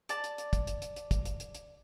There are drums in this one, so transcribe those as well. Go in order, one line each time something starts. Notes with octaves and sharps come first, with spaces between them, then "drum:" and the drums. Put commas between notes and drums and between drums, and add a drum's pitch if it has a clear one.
D5 A5, drum: hi-hat
drum: hi-hat
drum: hi-hat
drum: kick, hi-hat
drum: hi-hat
drum: hi-hat
drum: hi-hat
drum: kick, hi-hat
drum: hi-hat
drum: hi-hat
drum: hi-hat